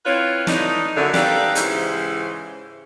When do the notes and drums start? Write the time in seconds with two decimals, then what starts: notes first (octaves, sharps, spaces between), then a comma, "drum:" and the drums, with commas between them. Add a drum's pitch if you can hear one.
0.05 C4 E4 F4 B4 C#5
0.47 E3 A3 D4 D#4, drum: snare
0.96 F#2 D3 E5
1.14 D#4 G4 A4 B4 D5 F5, drum: snare
1.55 G#2 C#3 E3 E4 G4 C5, drum: hi-hat